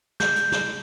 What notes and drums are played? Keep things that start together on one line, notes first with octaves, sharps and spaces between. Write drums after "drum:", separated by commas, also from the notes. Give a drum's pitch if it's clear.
G6, drum: snare
drum: hi-hat
drum: snare